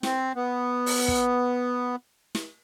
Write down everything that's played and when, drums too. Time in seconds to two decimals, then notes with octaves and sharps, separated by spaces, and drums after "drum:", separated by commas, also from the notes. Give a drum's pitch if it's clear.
0.03 C4, drum: snare
0.36 B3
0.86 drum: open hi-hat
1.08 drum: kick
2.35 drum: snare